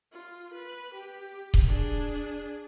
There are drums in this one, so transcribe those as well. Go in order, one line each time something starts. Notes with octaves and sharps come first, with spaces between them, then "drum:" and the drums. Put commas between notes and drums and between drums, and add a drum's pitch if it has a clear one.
F4
B4
G4
drum: kick D#1
D4 G#4